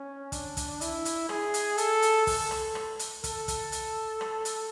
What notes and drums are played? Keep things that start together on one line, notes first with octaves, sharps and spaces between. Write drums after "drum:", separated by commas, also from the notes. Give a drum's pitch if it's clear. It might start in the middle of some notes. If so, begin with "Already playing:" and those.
Already playing: C#4
D4, drum: kick, hi-hat
drum: kick, hi-hat
E4, drum: hi-hat
drum: hi-hat
G#4, drum: rim click
drum: hi-hat
A4, drum: hi-hat
drum: hi-hat
A4, drum: kick, open hi-hat
drum: rim click
drum: rim click
drum: hi-hat
A4, drum: kick, hi-hat
drum: kick, hi-hat
drum: hi-hat
drum: rim click
drum: hi-hat